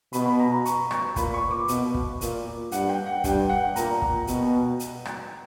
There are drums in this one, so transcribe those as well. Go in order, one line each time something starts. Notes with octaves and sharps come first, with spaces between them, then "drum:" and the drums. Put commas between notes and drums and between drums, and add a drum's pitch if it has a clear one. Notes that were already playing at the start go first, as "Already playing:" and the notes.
B2 B5, drum: hi-hat
B5
A#5
A#5
C#6, drum: hi-hat
C#6, drum: rim click
A#2 B5, drum: kick, hi-hat
C#6
D6
B2, drum: hi-hat
drum: kick
A#2, drum: hi-hat
G2 F#5, drum: hi-hat
G5
F#5
G2 G5, drum: kick, hi-hat
F#5
A#2 A#5, drum: hi-hat
drum: kick
B2, drum: hi-hat
drum: hi-hat
drum: rim click